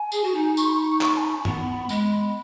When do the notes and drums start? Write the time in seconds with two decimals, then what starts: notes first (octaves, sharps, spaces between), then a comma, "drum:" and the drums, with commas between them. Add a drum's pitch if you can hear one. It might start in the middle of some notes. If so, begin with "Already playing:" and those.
Already playing: G#5
0.12 G#4, drum: tambourine
0.24 F#4
0.34 D#4
0.57 C#6, drum: tambourine
0.65 B5
0.74 C#6
1.01 C#6, drum: clap
1.08 B5
1.16 G#5
1.23 B5
1.45 B3, drum: tom G2
1.89 G#3, drum: tambourine